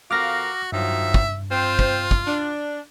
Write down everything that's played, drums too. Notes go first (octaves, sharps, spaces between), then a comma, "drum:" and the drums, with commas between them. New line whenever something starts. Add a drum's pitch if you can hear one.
F2 F#4 A#4 F5 D6 F6 A#6
G2 D#3 F3 F#3 E5
drum: kick
C4 F4 C5
drum: kick
drum: kick
D4